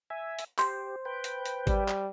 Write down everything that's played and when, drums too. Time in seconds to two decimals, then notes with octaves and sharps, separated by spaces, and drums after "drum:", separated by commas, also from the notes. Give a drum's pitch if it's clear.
0.10 E5 G#5
0.39 drum: hi-hat
0.59 G4 C5, drum: clap
1.05 B4 G5
1.24 drum: hi-hat
1.46 drum: hi-hat
1.67 G3, drum: kick G#1, hi-hat
1.88 drum: clap